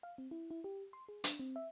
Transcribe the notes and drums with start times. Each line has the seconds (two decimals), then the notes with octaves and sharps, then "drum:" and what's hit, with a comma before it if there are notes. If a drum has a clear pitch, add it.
0.03 F5
0.18 C4
0.31 E4
0.51 E4
0.64 G4
0.93 C6
1.09 G#4
1.24 D4, drum: hi-hat
1.39 C4
1.56 E5